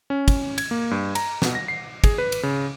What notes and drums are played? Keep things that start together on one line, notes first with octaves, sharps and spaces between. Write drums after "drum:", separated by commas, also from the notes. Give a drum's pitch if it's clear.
C#4
drum: kick, cymbal
G#6, drum: cymbal
A#3
G2
A#5, drum: cymbal
B2, drum: snare
A#6
C7
G#4, drum: kick, cymbal
B4
drum: cymbal
C#3